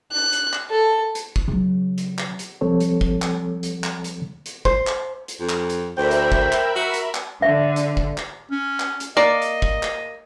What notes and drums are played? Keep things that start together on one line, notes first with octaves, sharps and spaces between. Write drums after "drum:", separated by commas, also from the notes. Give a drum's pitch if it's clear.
F#6
drum: hi-hat
drum: clap
A4
drum: hi-hat
drum: kick
C#3 F#3
drum: hi-hat
drum: clap
drum: hi-hat
C2 F3 G3 C4 A4 C#5
drum: hi-hat
drum: kick
drum: clap
drum: hi-hat
drum: clap
drum: hi-hat
drum: hi-hat
C5, drum: kick
drum: clap
drum: hi-hat
F2
drum: clap
drum: hi-hat
D2 A#4 C5 E5 G5 B5
drum: hi-hat
drum: kick
drum: clap
F#4
drum: hi-hat
drum: clap
D3 E5
drum: hi-hat
drum: kick
drum: clap
C#4
drum: clap
drum: hi-hat
A#3 D5 D#5
drum: hi-hat
drum: kick
drum: clap